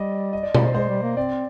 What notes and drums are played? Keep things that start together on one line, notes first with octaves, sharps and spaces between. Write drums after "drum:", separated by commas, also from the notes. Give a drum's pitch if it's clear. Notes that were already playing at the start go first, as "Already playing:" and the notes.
Already playing: G3 D5 D#5
D#5
D5
D5, drum: tom B2
C5
G#3 C5
G3
A#3
C4 D5